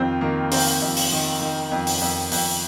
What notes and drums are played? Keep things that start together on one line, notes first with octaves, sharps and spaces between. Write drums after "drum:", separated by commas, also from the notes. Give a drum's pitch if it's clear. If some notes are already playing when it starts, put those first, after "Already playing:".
Already playing: F2 D#3 C4 F4
D#3 A#3
D#3 C4, drum: open hi-hat
F2
drum: open hi-hat
D#3
D#3
F2
drum: open hi-hat
F2
F2, drum: open hi-hat